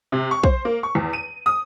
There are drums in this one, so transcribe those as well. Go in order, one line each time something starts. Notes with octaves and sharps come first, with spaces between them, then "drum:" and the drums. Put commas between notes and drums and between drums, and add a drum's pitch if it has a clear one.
C3
C#6
C5, drum: kick
A#3
C#6
E2
D#7
D#6